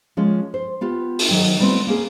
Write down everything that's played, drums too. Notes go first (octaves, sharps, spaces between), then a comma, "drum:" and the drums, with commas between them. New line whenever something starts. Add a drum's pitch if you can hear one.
F3 G#3 C#4
C5
B3 F4 G4
drum: open hi-hat
D#3 F#3 G5
G3 A3 B3 C4 E4 F#4
A#3 C#4 G#4